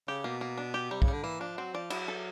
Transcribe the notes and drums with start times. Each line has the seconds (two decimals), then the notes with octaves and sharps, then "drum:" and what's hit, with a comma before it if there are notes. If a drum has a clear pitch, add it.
0.08 C#3 G4
0.24 B2 A#3
0.41 A#3
0.58 D4
0.74 G4
0.91 C3 G3
1.02 C#3, drum: kick
1.08 G3
1.13 D3
1.24 E3 A#3
1.40 F3 D4
1.57 F#3 C4
1.74 F3 D5
1.90 F#3 E4, drum: cymbal
2.08 A4